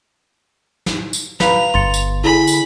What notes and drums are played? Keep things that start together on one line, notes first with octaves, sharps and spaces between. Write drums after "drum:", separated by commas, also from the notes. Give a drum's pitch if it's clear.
drum: snare
drum: tambourine
B4 F5 A#5 B5 F7, drum: snare
G1 C6 A6 C#7
drum: tambourine
D3 E4 G#4 G#5 B5
drum: tambourine